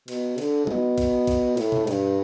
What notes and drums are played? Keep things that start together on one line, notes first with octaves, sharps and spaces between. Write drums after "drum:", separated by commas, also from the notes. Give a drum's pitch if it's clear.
B2, drum: cymbal
D3, drum: cymbal
B2, drum: tom G3
drum: kick A#1, cymbal
drum: kick A#1, cymbal
A2, drum: cymbal
drum: tom B2
G2, drum: cymbal